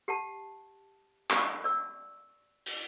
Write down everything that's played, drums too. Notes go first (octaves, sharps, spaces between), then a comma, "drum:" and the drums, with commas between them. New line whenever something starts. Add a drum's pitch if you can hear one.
G4 F#5 A5
C#6, drum: clap
D5 E6
drum: open hi-hat